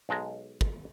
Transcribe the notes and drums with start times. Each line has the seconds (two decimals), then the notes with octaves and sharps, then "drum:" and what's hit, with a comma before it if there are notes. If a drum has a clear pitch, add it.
0.09 B1 G#3 A5 A#5
0.61 drum: kick